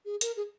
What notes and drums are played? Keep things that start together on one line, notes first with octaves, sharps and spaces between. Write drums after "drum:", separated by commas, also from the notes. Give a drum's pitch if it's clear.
G#4
A#4, drum: hi-hat
G#4